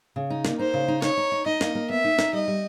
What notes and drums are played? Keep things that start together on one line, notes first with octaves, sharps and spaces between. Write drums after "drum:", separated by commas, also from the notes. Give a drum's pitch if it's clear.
C#3
D#4
A#3, drum: snare
D#4 C5
C#3
D#4
D#4 C#5, drum: snare
D#4
D#4
D#4 D#5
A#3, drum: snare
A#3
B3 E5
D#4
D#4, drum: snare
G3 D#5
G3